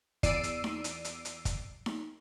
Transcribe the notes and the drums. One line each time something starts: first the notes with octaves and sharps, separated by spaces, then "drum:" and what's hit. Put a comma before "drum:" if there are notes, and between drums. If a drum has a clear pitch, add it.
E2 D5 E6 C7 D7 D#7, drum: kick, hi-hat
drum: hi-hat
drum: snare D#4
drum: hi-hat
drum: hi-hat
drum: hi-hat
drum: kick, hi-hat
drum: snare D#4